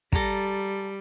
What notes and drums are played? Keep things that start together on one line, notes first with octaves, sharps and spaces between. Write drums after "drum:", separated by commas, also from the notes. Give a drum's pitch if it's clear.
G3 A4 A#5, drum: kick